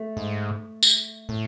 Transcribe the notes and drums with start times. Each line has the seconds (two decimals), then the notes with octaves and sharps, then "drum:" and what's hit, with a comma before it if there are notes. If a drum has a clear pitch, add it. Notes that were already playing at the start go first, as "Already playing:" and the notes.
Already playing: A3
0.17 G#2
0.83 drum: tambourine
1.29 A2